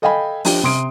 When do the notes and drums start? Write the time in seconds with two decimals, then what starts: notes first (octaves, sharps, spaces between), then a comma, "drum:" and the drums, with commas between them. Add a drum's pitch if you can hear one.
0.02 A4 D#5 F5 G5 G#5 B5
0.45 F3 D4 G4, drum: open hi-hat
0.63 C3 C6 D#6 D7